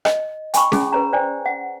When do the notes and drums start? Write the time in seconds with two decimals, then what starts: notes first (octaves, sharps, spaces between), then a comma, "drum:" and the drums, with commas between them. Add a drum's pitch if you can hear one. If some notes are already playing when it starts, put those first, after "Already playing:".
0.05 D#5, drum: rim click
0.54 G5 G#5 B5 C#6, drum: hi-hat
0.72 C#4 E4 G#4, drum: snare C#4
0.93 B4 C#5 A#5
1.13 C5 D5 G5 G#5
1.46 F#5